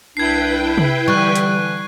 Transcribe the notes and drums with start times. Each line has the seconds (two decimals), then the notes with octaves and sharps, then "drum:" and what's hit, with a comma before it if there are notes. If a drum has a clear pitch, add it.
0.17 C2 D4 E4 B4 G5 G#6 C7
0.78 drum: tom C3
1.08 D3 E3 G3 C#6 F#6
1.36 drum: hi-hat